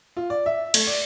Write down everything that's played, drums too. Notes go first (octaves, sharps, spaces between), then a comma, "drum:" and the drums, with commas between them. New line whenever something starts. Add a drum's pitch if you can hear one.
F4
D5
E5
A3, drum: cymbal
D5